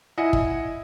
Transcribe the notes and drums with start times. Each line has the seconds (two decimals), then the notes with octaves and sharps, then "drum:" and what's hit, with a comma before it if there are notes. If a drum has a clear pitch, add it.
0.18 E4 D#5 F#5 G#5 C#7
0.33 drum: kick